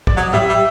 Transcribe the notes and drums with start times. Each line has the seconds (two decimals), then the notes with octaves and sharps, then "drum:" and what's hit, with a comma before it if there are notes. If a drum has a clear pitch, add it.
0.07 D5, drum: kick
0.17 F#3 D#5
0.33 G3 E5, drum: tom A2
0.49 G3